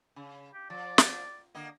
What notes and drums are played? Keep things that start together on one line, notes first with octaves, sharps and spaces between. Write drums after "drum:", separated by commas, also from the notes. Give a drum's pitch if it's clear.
C#3
G4
F3 D5
drum: snare
D3 A#3 D#5